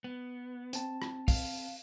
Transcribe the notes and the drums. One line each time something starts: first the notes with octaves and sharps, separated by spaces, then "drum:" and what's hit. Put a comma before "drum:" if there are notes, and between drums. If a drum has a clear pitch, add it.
B3
C4 A5, drum: hi-hat
drum: rim click
F5, drum: kick, open hi-hat